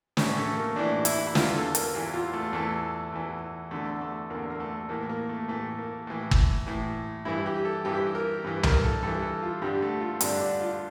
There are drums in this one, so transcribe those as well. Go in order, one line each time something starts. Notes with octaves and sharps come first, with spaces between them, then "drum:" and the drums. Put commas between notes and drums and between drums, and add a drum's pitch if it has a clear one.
A2 E3 C#4, drum: snare
A3
A#3
A2 E3 D4
E4, drum: hi-hat
E4
E2 E3 F4, drum: snare
A4
A#4, drum: hi-hat
E2 E3
F4
A3
E2 E3 A3
E2 E3
E2 D3 A3
A3
E2 D3 A#3
A#3
A3
A2 E3 A#3
A#3
A3
A2 E3 A3
A#3
A2 E3
drum: kick
A2 E3
G2 E3 E4
G4
A4
G2 E3 G4
A#4
G2 E3
A#4, drum: tom C2
A4
G2 E3 A4
A4
F4
G2 D3 G3
A3
F4
G2 D3 D4, drum: hi-hat
D4
F4